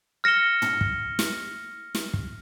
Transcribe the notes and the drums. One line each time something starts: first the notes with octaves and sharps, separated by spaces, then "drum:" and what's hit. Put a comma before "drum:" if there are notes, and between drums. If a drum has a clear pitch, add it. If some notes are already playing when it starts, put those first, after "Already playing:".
F6 A#6 C#7 E7 G7
drum: tom
drum: kick
drum: snare
drum: snare
drum: kick